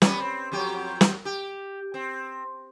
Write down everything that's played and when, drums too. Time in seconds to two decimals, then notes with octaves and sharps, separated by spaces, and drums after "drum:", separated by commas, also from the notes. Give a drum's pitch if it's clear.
0.02 G3 B3 C#4, drum: snare
0.20 C4
0.52 F2 F#3 G4
1.01 drum: snare
1.25 G4
1.94 C4